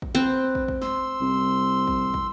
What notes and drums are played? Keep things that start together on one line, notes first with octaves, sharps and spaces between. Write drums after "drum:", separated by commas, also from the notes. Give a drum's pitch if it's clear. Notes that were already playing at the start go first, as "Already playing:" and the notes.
drum: kick
C4 B4
drum: kick
drum: kick
C6 E6, drum: snare
C2
drum: kick
drum: kick